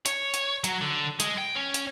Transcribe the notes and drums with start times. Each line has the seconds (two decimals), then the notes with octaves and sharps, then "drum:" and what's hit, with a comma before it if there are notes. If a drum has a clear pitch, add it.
0.06 C#5, drum: hi-hat
0.34 drum: hi-hat
0.64 F#3, drum: hi-hat
0.81 D3
1.20 G#3, drum: hi-hat
1.38 G5
1.55 C#4
1.74 drum: hi-hat